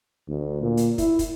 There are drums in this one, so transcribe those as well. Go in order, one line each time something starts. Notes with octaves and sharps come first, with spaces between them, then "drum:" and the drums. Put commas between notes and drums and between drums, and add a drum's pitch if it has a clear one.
D2
A#2
drum: hi-hat
E4, drum: kick, hi-hat
drum: kick, hi-hat